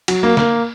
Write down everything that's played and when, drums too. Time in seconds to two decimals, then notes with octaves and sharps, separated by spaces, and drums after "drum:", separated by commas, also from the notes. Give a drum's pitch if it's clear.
0.08 F#3, drum: cymbal
0.23 A#3
0.37 A#3, drum: snare